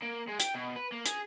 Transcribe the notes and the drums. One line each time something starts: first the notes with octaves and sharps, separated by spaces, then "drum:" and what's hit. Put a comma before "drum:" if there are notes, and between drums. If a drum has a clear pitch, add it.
A#3
G#3
G5, drum: hi-hat
B2
B4
A#3
G#4, drum: hi-hat